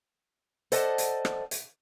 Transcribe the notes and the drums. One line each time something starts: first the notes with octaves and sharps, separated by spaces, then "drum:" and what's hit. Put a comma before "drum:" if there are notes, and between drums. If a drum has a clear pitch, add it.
A4 C5 D5 D#5 F#5 A5, drum: hi-hat
drum: hi-hat
drum: rim click
drum: hi-hat